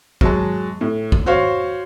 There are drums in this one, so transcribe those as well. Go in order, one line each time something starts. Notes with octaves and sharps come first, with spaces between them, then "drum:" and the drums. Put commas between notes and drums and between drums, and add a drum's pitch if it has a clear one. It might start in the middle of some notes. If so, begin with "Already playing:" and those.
F#3 G#3 A5, drum: kick
A2
drum: kick
F#4 C5 C#5 F5